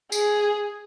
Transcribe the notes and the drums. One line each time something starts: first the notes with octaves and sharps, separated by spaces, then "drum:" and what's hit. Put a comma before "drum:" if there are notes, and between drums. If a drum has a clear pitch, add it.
G#4, drum: tambourine